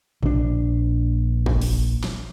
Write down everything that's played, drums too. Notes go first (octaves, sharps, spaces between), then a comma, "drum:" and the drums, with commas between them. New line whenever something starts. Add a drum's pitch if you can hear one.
A#1 D4, drum: tom A2
drum: kick
drum: open hi-hat
drum: snare